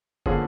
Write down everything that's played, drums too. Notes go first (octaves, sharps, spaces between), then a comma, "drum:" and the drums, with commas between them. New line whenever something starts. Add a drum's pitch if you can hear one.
D3 F3 A#3 C#4 G#4, drum: kick